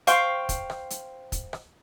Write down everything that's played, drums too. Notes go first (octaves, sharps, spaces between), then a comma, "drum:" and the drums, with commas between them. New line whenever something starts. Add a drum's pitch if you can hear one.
C5 F5 G5 C#6, drum: hi-hat
drum: kick, hi-hat
drum: rim click
drum: hi-hat
drum: kick, hi-hat
drum: rim click